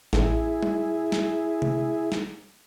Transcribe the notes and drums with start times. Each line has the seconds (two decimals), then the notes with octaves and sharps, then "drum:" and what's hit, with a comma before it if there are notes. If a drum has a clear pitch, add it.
0.13 A1 E4 G#4, drum: snare
0.63 drum: tom G3
1.12 drum: snare
1.62 drum: tom C3
2.12 drum: snare